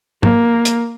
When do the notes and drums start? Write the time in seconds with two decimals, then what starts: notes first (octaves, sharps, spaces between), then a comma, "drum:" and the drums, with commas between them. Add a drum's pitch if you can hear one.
0.23 A#3, drum: tom G#2
0.65 drum: hi-hat